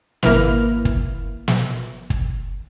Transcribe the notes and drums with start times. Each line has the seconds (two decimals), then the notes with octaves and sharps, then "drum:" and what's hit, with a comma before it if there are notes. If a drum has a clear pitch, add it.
0.23 G#1 A#3 E4 B4 F6, drum: snare
0.85 drum: kick
1.48 drum: snare
2.10 drum: kick